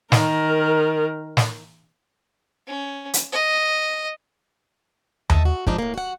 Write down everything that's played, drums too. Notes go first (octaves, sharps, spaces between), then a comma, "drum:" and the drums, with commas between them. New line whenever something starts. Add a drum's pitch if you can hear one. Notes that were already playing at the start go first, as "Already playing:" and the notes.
D#3 A#4, drum: snare
drum: snare
C#4
drum: hi-hat
D#5
A4 D#5 E5 A5, drum: tom D#2
F#4
G#2 F3 D4 D#4, drum: kick
A2 A#3
F#4 F#5